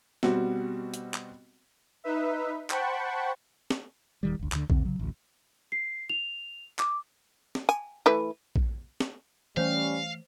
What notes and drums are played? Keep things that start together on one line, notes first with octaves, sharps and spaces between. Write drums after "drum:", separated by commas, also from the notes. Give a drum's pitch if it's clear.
B2 G3 C4 F#4, drum: snare
drum: hi-hat
drum: clap
D#4 B4 E5
C5 F#5 G5 A5 B5 C#6, drum: clap
drum: snare
D#1 D#3 G3
G1 D2
D2 D3, drum: clap
E2 D3 C4, drum: kick A#1
C#3 F#3
A1 D2
C7
F7
D6, drum: clap
drum: snare
G#5, drum: tambourine
E3 A3 B4
drum: kick A#1
drum: snare
E3 G3 A3 C#4 C5 C#5 F5